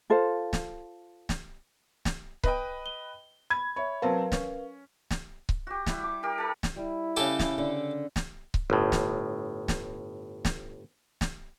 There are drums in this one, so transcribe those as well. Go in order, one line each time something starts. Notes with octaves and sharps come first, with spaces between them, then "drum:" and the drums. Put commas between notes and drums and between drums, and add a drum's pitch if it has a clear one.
F4 A4 C5 F5
drum: snare
drum: snare
drum: snare
B4 D#5 G5, drum: kick C#1
G7
B5 G#6
C#5 E5 B5
F#3 C4 A#4 B4 F5 A5
C#4, drum: snare
drum: snare
drum: kick C#1
F#4 G4
G3 E4, drum: snare
D6
G4 A#4
A4 A#4
drum: snare
G3 E4
C#3 G4 A4 G#5
drum: snare
D3
drum: snare
drum: kick C#1
G1 A2
drum: snare
drum: snare
drum: snare
drum: snare